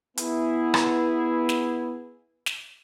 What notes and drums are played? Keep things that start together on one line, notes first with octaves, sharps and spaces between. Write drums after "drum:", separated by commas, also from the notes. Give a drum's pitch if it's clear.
B3 E4 G#4, drum: hi-hat
drum: rim click
drum: snare
drum: snare